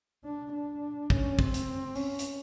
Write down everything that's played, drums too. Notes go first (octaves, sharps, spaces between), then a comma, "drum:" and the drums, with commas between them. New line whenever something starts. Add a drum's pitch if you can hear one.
D4
D4
C#4, drum: kick
C4, drum: kick
drum: hi-hat
C#4, drum: open hi-hat
drum: hi-hat